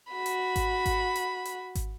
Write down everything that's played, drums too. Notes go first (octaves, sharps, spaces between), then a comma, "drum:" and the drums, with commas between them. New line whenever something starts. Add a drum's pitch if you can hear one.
F#4 B5
drum: hi-hat
drum: kick G#1, hi-hat
drum: kick G#1, hi-hat
drum: hi-hat
drum: hi-hat
drum: kick G#1, hi-hat